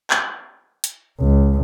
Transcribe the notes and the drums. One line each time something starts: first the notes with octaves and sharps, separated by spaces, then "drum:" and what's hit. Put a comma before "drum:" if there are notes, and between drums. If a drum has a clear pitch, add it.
drum: clap
drum: hi-hat
C#2